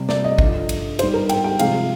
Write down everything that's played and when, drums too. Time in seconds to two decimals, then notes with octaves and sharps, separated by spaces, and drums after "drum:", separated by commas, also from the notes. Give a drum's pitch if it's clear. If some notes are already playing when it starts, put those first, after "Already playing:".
Already playing: C3 G3
0.09 D5, drum: snare
0.24 D#5
0.38 G2 D3 F3, drum: kick G#1
0.69 drum: cymbal
0.99 G#2 G3 C5, drum: cymbal
1.14 A#4
1.29 G5, drum: cymbal
1.44 G5
1.59 C3 F3 G#3 F5, drum: cymbal